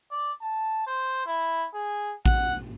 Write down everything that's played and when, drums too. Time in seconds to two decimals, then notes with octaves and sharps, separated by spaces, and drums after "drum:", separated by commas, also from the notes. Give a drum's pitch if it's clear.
0.11 D5
0.42 A5
0.87 C5
1.26 E4
1.75 G#4
2.26 F#5, drum: kick A1